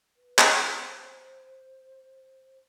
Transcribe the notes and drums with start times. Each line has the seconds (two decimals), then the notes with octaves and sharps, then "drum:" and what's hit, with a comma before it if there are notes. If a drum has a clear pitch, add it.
0.17 B4
0.38 C5, drum: clap